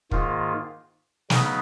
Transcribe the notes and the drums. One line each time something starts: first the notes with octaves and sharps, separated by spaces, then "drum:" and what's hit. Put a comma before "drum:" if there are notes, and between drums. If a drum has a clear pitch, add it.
G#2 D#3 A#3 F4, drum: kick
C#3 F#3 B3 D#4, drum: snare